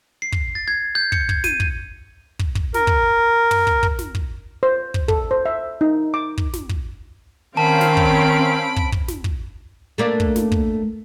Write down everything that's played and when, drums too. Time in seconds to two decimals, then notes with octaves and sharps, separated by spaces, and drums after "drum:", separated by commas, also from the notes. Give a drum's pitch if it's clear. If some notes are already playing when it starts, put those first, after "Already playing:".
0.22 C7
0.32 drum: kick
0.55 A6
0.68 G#6
0.95 G6
1.12 C#7, drum: kick
1.29 G#6, drum: kick
1.44 D#7, drum: snare
1.60 drum: kick
2.39 drum: kick
2.55 drum: kick
2.74 A#4, drum: snare
2.87 drum: kick
3.51 drum: tom
3.67 drum: kick
3.83 drum: kick
3.99 drum: snare
4.15 drum: kick
4.63 C5
4.94 drum: kick
5.08 A4, drum: kick
5.31 C5
5.46 E5
5.81 D#4
6.14 D6
6.38 drum: kick
6.53 drum: snare
6.69 drum: kick
7.57 D#3 C4 C#4 F5 A5 B5 D7
7.81 drum: snare
7.97 drum: kick
8.76 drum: kick
8.92 drum: kick
9.08 drum: snare
9.24 drum: kick
9.98 A3 A#3 D4
10.20 drum: kick
10.36 drum: snare
10.52 drum: kick